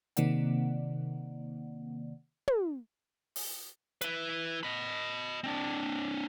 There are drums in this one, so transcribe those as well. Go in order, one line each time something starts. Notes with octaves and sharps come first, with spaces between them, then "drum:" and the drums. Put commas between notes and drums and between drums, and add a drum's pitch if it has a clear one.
C3 D#3 A#3 D5 F#5, drum: hi-hat
drum: tom
drum: open hi-hat
E4 B4, drum: hi-hat
D#5 B5
C4 D4